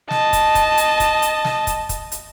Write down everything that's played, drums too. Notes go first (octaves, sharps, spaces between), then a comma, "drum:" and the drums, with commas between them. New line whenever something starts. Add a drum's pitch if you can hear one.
D#5 A5, drum: snare
drum: kick, hi-hat
drum: kick, hi-hat
drum: hi-hat
drum: kick, hi-hat
drum: hi-hat
drum: snare
drum: kick, hi-hat
drum: kick, hi-hat
drum: hi-hat